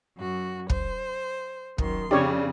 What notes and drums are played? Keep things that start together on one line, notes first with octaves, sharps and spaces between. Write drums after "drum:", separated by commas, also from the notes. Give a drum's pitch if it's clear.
F#2 F#4
C5, drum: kick
F#2 D#3 C6, drum: kick
F2 C#3 C4 D4 G4 C#5